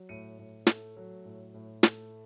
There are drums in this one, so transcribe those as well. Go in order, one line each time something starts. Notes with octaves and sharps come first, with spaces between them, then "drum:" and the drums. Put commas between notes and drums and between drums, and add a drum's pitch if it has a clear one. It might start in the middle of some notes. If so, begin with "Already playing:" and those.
Already playing: F#3
A2 C#7 D#7
A2
A3, drum: snare
F#3
A2
A2
A3, drum: snare